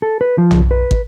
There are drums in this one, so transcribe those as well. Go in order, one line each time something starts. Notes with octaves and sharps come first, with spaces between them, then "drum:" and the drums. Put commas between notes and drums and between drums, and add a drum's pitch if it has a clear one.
A4
B4
F3
drum: tom B1
B4
drum: kick